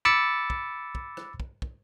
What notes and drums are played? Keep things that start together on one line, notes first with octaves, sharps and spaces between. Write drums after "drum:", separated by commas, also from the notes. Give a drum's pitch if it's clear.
B5 D6 E6 A6 C#7, drum: rim click
drum: kick
drum: kick
drum: rim click
drum: kick
drum: kick